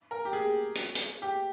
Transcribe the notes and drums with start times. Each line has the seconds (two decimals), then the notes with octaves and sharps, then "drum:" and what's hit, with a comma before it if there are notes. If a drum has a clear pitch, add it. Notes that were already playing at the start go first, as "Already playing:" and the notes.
0.11 A#4
0.25 G4
0.33 G#4
0.75 drum: hi-hat
0.95 drum: hi-hat
1.22 G4